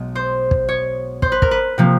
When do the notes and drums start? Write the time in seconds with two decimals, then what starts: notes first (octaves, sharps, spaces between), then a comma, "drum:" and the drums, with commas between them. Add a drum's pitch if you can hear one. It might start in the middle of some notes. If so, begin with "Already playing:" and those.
Already playing: B1 B2 G#3
0.15 C5
0.51 drum: kick
0.69 C#5
1.22 C5, drum: kick
1.32 B4
1.42 A#4, drum: kick
1.51 B4
1.78 C3 F3 A#3